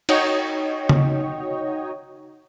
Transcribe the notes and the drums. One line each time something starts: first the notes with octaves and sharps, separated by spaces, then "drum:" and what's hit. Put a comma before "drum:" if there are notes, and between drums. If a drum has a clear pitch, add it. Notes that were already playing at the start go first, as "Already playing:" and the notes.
D#4 F#4 C#5 D#5 G5, drum: cymbal
drum: tom C#3